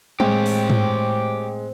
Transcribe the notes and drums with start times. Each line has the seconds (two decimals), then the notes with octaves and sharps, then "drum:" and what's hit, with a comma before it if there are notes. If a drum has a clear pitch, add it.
0.20 A2 G#3 C4 G4 C#5, drum: tom
0.46 drum: open hi-hat
0.70 drum: tom